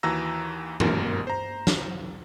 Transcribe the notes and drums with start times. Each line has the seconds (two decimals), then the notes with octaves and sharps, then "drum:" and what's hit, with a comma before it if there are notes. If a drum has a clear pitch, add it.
0.03 D#2 E3 F#4 A#5 E6 A#6
0.80 G#1 F#2 B2 A#4, drum: tom
1.27 C5 A#5
1.67 drum: snare